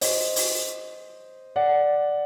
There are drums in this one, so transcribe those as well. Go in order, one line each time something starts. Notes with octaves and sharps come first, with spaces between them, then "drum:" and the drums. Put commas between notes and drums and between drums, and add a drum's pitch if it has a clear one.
C5 D#5, drum: open hi-hat
drum: open hi-hat
D5 F#5